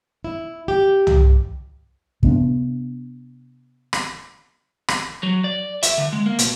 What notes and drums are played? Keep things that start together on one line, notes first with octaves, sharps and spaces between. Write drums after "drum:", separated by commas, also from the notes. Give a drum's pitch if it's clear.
E4
G4
drum: tom
C3 B3 D4, drum: kick
drum: rim click
drum: rim click
F#3
D5
E5, drum: hi-hat
D3
G#3
A#3
B2, drum: hi-hat